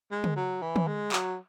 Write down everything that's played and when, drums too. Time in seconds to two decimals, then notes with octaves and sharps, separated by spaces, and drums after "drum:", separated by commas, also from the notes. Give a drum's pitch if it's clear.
0.11 G#3
0.24 drum: tom
0.36 F#3
0.62 E3
0.76 drum: tom
0.87 G#3
1.12 F#3, drum: clap